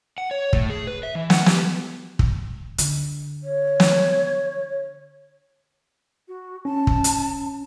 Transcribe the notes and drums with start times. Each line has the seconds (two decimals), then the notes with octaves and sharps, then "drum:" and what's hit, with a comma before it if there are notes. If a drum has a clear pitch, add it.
0.18 F#5
0.31 C#5
0.53 A2, drum: kick
0.70 G#4
0.87 B4
1.03 E5
1.15 E3
1.30 F#5, drum: snare
1.46 G4, drum: snare
2.19 drum: kick
2.78 D3, drum: hi-hat
3.43 C#5
3.80 drum: snare
6.28 F#4
6.65 C#4 A5
6.87 drum: kick
7.04 drum: hi-hat